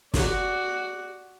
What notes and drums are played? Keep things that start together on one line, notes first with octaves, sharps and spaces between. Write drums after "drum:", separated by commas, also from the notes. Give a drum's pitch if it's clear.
F#4 D5, drum: snare